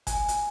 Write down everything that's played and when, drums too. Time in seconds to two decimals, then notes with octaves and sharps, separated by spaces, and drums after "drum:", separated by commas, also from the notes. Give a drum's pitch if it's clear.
0.07 G#5, drum: kick G1, hi-hat
0.28 drum: hi-hat